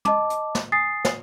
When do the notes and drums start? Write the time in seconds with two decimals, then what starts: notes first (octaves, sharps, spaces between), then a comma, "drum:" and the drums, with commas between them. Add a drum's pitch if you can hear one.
0.05 D#5 A5 D6, drum: tom
0.30 drum: hi-hat
0.55 drum: snare
0.72 G#5 D#6 A6 C7
1.05 drum: snare